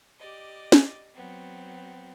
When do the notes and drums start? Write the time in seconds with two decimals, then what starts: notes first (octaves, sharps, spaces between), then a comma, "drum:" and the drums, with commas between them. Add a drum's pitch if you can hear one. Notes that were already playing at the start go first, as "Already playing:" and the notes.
0.19 G4 D5 D#5
0.72 drum: snare
1.14 F#3 B3 C4